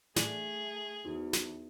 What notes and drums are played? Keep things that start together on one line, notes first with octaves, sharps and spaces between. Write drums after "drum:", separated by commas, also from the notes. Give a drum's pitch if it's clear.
A2 E3 A3 D4 G#4, drum: snare
E2 D#4 F#4
drum: snare